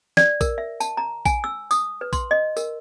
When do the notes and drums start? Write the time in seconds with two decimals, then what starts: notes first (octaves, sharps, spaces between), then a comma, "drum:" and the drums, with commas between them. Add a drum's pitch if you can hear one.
0.17 D5, drum: snare
0.41 A#4, drum: kick A#1, tambourine
0.58 E5
0.80 A5, drum: tambourine
0.97 A#5
1.25 G#5, drum: kick A#1, tambourine
1.44 E6
1.71 D#6, drum: tambourine
2.01 B4
2.13 C6, drum: kick A#1, tambourine
2.31 D#5
2.57 A#4, drum: tambourine